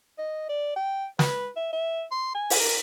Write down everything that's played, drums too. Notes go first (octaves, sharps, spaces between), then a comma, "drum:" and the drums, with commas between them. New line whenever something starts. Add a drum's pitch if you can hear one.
D#5
D5
G5
B4, drum: snare
E5
E5
C6
G#5
drum: open hi-hat
A#4